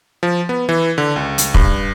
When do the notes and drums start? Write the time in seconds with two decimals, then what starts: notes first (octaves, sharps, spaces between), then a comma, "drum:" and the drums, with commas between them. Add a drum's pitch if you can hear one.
0.23 F3
0.49 B3
0.69 E3
0.98 D3
1.16 C#2
1.38 drum: hi-hat
1.54 G2, drum: kick